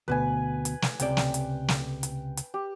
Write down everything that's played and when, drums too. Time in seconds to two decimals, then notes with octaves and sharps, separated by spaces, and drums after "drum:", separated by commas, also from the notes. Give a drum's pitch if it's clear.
0.08 D2 B2 B4 G#5
0.65 drum: hi-hat
0.82 drum: snare
1.00 C#2 C3 D5 G5, drum: hi-hat
1.17 drum: snare
1.34 drum: hi-hat
1.68 drum: snare
2.03 drum: hi-hat
2.37 drum: hi-hat
2.54 G4